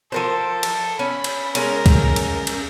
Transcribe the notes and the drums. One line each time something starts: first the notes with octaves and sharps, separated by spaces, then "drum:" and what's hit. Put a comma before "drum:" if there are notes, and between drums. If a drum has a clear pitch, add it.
F3 A4 A#4 C5
drum: cymbal
C#4 B5
drum: cymbal
G#3 C#4 A#4, drum: cymbal
drum: kick, cymbal
drum: cymbal
drum: cymbal